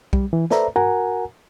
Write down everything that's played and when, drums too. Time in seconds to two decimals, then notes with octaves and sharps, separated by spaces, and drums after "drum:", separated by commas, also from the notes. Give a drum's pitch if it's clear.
0.13 G3, drum: kick B1
0.33 E3
0.50 A4 B4 C5 D5 E5 A#5, drum: snare
0.76 F#4 A#4 F#5 G#5 A#5, drum: tom G2